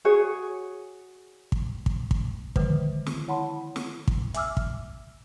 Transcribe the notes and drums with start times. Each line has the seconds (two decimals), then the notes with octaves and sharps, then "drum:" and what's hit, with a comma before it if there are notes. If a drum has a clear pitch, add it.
0.05 F#4 G#4 C#5
1.52 drum: kick
1.86 drum: kick
2.11 drum: kick
2.56 D3 D#3 F3 G#3 B4 C5, drum: kick
3.06 drum: snare
3.28 E4 C#5 F#5 A5 B5 C6
3.76 drum: snare
4.08 drum: kick
4.34 E5 G#5 D6 E6 F6, drum: hi-hat
4.57 drum: kick